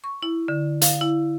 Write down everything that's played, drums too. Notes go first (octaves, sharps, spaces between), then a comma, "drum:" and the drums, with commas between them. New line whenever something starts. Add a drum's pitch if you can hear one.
C#6
E4
D3
F5, drum: hi-hat
E4